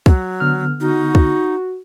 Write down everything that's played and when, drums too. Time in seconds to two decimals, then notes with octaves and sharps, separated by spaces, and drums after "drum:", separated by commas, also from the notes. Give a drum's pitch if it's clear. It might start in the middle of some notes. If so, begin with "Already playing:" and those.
0.06 F#3, drum: kick
0.40 D3 B3 F6
0.80 D#4 F#4
1.15 drum: kick